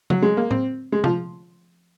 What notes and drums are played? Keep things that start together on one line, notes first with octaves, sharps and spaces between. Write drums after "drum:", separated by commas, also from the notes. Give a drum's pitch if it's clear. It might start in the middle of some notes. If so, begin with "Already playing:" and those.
F#3, drum: tom
G#3
A#3
C4, drum: tom A2
G#3
F3, drum: tom